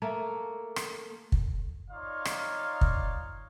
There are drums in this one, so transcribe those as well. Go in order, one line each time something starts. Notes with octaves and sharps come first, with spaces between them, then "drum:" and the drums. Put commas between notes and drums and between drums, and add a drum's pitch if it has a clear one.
A3 A#3
drum: rim click
drum: kick
D#4 F4 C#5 D5 F5
drum: rim click
drum: kick